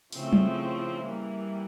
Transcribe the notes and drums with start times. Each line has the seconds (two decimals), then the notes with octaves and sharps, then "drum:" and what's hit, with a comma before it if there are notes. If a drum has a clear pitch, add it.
0.12 C#3 F3 A3 C4 E4, drum: open hi-hat
0.33 drum: tom F#3
1.02 E3 G3 A#3